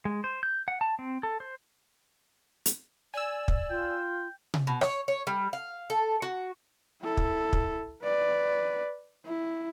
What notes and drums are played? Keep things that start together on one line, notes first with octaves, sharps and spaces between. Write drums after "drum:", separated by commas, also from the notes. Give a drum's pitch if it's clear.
G#3
C5
G6
F#5
A5
C4
A4
C5
drum: hi-hat
D5 G#5 E6
drum: kick
F4 G5
drum: tom C3
B2
C#5, drum: rim click
C#5
G3
F5
A4
F#4
E4 A4
drum: kick
drum: kick
B4 D5
E4